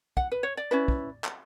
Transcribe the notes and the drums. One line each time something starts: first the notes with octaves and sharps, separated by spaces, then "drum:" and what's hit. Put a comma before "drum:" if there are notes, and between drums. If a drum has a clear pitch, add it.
F#5, drum: kick
B4
C#5
D5
C#4 E4 B4
drum: kick
drum: clap